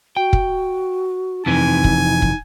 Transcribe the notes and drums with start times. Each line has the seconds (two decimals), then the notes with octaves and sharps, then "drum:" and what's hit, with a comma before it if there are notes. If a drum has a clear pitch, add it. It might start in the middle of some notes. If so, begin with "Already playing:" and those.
0.17 F#4 G5
0.33 drum: kick
1.46 F2 C3 E3 D#4 G#5
1.84 drum: kick
2.22 drum: kick